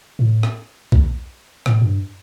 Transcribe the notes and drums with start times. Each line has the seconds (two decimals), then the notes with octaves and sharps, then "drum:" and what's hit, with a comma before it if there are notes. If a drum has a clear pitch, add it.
0.19 A2
0.43 drum: rim click
0.92 drum: kick
1.66 A2, drum: rim click
1.81 G2